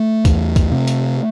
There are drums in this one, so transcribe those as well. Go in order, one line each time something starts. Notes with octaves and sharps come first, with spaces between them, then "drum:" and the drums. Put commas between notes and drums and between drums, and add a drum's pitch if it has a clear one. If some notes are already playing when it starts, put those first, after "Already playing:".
Already playing: A3
E2, drum: kick, hi-hat
drum: kick, hi-hat
C3
drum: hi-hat